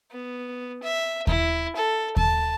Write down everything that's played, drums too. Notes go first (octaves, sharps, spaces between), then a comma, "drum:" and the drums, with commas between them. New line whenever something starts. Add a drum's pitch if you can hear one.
B3
E5
E4, drum: kick D#2
A4
A5, drum: kick D#2